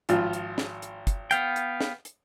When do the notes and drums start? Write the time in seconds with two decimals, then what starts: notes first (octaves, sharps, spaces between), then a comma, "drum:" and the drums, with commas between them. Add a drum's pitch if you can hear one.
0.09 G#1 F3 F4, drum: hi-hat
0.33 drum: hi-hat
0.58 drum: snare
0.82 drum: hi-hat
1.07 drum: kick, hi-hat
1.31 B3 F5 G5, drum: hi-hat
1.56 drum: hi-hat
1.81 drum: snare
2.05 drum: hi-hat